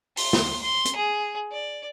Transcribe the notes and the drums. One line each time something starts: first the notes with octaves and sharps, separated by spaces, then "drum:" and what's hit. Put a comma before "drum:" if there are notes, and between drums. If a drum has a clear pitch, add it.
C6, drum: open hi-hat
drum: snare
C6
drum: hi-hat
G#4
D5